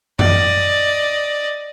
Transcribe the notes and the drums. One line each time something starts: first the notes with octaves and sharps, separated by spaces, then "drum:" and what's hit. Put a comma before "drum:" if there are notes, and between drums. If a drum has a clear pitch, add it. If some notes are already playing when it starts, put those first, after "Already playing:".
D5 D#5, drum: tom F#2